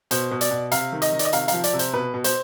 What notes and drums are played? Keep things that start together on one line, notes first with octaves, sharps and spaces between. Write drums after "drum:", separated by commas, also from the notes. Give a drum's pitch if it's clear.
B2 C5, drum: hi-hat
B2
D5, drum: hi-hat
B2
C3 F5, drum: hi-hat
D#3
D#5, drum: hi-hat
D#3
D5, drum: hi-hat
D#5
C3 F5, drum: hi-hat
F3 F5, drum: hi-hat
D5, drum: hi-hat
C3
C5, drum: hi-hat
B2 B4
B2
C5, drum: hi-hat